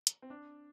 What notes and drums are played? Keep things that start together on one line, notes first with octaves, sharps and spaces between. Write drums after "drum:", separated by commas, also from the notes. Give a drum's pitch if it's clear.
drum: hi-hat
C4
D4